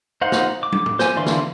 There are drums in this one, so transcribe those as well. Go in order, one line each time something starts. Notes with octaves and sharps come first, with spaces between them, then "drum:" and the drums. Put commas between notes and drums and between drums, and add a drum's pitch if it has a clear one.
D#4 C5 F5 F#5
drum: snare
D6
drum: tom
drum: tom
C5 G#5, drum: snare
D3 E3 D5 F5 C6
drum: snare